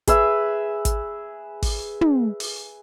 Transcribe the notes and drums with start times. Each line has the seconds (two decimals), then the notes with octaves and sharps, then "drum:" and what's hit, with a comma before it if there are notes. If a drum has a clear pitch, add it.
0.07 G#4 B4 E5, drum: kick, hi-hat
0.85 drum: kick, hi-hat
1.62 drum: kick, open hi-hat
2.01 drum: tom
2.40 drum: open hi-hat